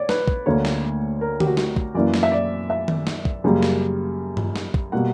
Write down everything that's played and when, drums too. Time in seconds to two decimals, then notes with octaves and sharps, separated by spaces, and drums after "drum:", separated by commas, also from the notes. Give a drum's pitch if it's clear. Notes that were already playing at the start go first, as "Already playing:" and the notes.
Already playing: C#5 D5
0.09 B4, drum: snare
0.28 drum: kick
0.46 D2 D3 A#3 C#5
0.65 drum: snare
1.21 A#4
1.40 G4, drum: tom D3
1.46 F#4
1.57 F#4, drum: snare
1.76 drum: kick
1.95 F#2 E3 A#3 D5
2.14 drum: snare
2.23 E5
2.32 D5
2.70 E5
2.88 drum: tom D#3
3.07 drum: snare
3.25 drum: kick
3.44 F#2 C#3 G3 A#3
3.63 drum: snare
4.37 drum: tom G2
4.56 drum: snare
4.74 drum: kick
4.92 B2 G3 A#3 F#5